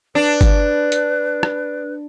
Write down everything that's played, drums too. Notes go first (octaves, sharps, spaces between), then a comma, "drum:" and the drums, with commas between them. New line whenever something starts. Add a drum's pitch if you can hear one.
D4 B4
drum: kick, hi-hat
drum: hi-hat
drum: rim click